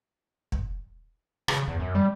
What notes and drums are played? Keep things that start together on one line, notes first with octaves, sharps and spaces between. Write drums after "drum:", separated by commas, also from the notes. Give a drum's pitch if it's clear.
drum: kick
C#3, drum: rim click
E2
F#2
G3